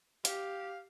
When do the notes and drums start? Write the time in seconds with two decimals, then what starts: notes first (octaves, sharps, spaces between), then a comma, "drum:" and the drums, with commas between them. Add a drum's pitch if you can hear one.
0.25 G4 F5, drum: hi-hat